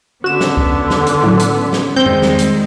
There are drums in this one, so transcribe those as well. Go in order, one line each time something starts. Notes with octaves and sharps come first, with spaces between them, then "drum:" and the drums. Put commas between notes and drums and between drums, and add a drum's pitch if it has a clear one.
D3 B3 C#4 F#4 E7
drum: snare
drum: kick
drum: tom E2
drum: snare
drum: hi-hat
A2 F#3
drum: hi-hat
drum: snare
D#3 G3 G#3 C4 G6
drum: tom E2
drum: snare
drum: hi-hat